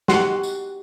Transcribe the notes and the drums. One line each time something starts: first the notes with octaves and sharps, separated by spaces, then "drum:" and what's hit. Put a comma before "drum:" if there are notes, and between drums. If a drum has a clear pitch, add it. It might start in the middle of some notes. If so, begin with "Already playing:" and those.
D#4 F#4 G4 F#5 C6, drum: snare
drum: tambourine